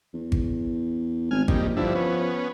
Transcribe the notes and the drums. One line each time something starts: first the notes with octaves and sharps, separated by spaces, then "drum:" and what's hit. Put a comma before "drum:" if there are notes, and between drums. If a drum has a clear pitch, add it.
E2
drum: kick G#1
G#1 G#5 F6
A#1 D#3 G3, drum: kick G#1
G2 D3 F3 E4
B3 C#4